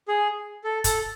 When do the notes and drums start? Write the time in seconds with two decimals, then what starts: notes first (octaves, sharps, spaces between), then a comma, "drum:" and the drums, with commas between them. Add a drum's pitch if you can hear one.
0.08 G#4
0.64 A4
0.84 A4, drum: kick, hi-hat